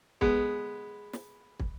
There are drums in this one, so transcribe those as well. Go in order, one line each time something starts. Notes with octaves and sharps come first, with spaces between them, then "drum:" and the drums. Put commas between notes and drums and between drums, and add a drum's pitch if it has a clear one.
G#3 B3, drum: kick
drum: snare
drum: kick